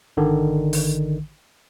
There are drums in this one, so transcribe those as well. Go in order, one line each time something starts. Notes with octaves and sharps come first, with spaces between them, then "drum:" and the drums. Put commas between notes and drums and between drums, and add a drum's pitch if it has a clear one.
G#1 D3 D#3
drum: open hi-hat